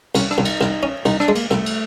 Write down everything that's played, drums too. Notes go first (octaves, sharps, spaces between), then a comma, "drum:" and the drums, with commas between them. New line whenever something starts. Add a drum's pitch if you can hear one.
C2 C#4, drum: cymbal
D4, drum: rim click
C2
D#4, drum: cymbal
C2, drum: rim click
C#4
C2 D#4, drum: cymbal
D4, drum: rim click
G#3
A#3, drum: cymbal
C2 A3, drum: rim click
drum: cymbal